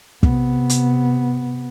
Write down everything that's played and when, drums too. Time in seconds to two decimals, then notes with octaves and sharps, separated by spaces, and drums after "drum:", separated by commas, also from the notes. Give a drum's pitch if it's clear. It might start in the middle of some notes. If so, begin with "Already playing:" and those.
0.23 C3 B3, drum: kick
0.70 drum: hi-hat